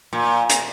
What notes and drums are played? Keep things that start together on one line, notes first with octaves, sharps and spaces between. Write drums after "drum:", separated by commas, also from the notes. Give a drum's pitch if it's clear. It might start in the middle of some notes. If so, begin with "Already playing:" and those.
A#2
drum: hi-hat